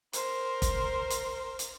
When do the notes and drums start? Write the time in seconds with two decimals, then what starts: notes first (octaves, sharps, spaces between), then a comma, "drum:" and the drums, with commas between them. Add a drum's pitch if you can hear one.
0.13 A#4 C5, drum: hi-hat
0.62 drum: kick, hi-hat
1.10 drum: hi-hat
1.59 drum: hi-hat